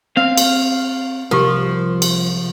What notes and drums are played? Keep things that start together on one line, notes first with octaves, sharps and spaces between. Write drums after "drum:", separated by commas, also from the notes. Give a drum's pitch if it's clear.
C4 F5
drum: cymbal
C2 F3 G4 A#4
drum: cymbal